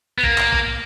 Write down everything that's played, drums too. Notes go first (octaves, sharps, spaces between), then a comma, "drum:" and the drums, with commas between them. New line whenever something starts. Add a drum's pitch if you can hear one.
B3
A#3, drum: kick A#1
drum: clap
drum: kick A#1